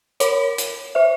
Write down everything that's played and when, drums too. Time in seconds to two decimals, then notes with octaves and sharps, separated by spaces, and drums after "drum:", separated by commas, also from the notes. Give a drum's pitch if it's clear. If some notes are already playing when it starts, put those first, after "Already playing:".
0.20 A#4 C#5, drum: hi-hat
0.58 drum: hi-hat
0.95 C5 E5